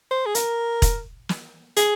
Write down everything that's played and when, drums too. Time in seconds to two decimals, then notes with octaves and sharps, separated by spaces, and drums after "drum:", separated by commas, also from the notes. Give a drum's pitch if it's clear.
0.11 C5
0.26 G#4
0.35 A#4, drum: hi-hat
0.82 drum: kick E1, hi-hat
1.29 drum: snare
1.76 G#4, drum: hi-hat